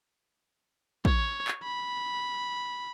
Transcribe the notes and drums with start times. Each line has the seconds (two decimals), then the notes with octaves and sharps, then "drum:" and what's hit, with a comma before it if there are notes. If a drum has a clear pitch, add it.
1.05 C#5, drum: kick
1.48 drum: clap
1.63 B5